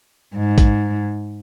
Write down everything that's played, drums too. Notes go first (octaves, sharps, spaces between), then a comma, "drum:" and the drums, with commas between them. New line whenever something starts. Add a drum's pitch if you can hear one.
G#2
drum: kick, hi-hat